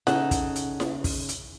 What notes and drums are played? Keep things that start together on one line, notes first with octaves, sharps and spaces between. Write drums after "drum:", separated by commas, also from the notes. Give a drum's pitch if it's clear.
C#3 D#4 A4 F#5, drum: snare E4
drum: kick, hi-hat
drum: hi-hat
drum: snare E4
drum: kick, open hi-hat
drum: hi-hat